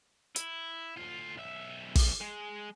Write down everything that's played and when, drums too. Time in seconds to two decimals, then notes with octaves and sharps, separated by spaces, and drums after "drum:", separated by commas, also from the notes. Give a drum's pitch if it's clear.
0.36 E4, drum: hi-hat
0.98 D2 F4
1.37 B1 E5
1.95 drum: kick, open hi-hat
2.21 G#3